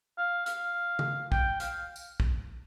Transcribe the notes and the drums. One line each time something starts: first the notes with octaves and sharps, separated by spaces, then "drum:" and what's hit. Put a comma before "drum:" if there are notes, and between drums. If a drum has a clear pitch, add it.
F5
F5, drum: hi-hat
drum: tom C#3
G5, drum: kick
F5, drum: hi-hat
drum: tambourine
drum: kick